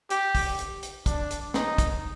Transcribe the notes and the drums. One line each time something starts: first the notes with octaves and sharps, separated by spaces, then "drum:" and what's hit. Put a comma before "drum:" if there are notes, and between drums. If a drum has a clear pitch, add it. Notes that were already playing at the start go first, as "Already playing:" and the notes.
G4, drum: hi-hat
drum: kick, open hi-hat
drum: hi-hat
drum: hi-hat
D4, drum: kick, hi-hat
drum: hi-hat
D#4, drum: snare
drum: kick, hi-hat